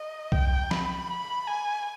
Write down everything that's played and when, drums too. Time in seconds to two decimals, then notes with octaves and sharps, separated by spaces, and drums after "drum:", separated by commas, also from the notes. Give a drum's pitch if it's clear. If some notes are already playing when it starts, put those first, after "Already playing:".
Already playing: D#5
0.32 G5, drum: kick C2
0.71 B5, drum: snare
1.10 B5
1.48 G#5